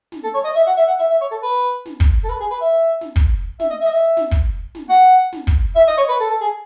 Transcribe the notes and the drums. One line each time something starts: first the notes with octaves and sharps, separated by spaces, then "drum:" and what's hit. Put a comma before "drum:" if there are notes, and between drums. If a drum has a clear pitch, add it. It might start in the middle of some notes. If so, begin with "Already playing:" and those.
drum: snare
A4
C#5
D#5
E5
F#5
E5
F#5
E5
E5
C#5
A4
B4
drum: snare
drum: kick
A4
B4
G#4
B4
E5
drum: snare
drum: kick
E5, drum: snare
D#5
E5
D#5
E5
drum: snare
drum: kick
drum: snare
F#5
drum: snare
drum: kick
E5
D#5
C#5
B4
A4
A4
G#4